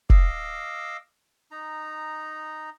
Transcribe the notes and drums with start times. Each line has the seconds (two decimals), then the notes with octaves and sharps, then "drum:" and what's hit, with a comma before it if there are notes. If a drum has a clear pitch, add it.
0.10 D#5 F5 D6 E6, drum: kick F1
1.51 D#4 A#5